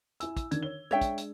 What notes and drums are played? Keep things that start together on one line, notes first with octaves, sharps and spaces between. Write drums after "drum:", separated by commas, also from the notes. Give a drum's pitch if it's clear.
E4 G#5 E6, drum: hi-hat
drum: kick, hi-hat
D#3 D4 G#6, drum: hi-hat
C#5 G7
G#3 D4 C#5 E5 G5
drum: kick, hi-hat
drum: hi-hat